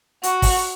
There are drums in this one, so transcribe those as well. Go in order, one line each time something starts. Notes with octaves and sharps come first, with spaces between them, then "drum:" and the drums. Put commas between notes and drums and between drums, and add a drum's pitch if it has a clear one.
F#4, drum: hi-hat
drum: kick, open hi-hat